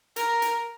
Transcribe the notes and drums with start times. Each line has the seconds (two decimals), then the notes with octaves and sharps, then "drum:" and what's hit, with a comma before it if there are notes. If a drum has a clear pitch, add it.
0.16 A#4, drum: hi-hat
0.42 drum: hi-hat